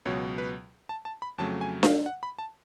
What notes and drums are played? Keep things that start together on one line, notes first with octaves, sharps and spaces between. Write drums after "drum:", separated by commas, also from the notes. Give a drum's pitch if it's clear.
C#2 B2 F#3 C#5
B4
A5
A5
B5
F2 C#3 F#3 A3 A5
G#5
F5, drum: snare D4
F#5
B5
A5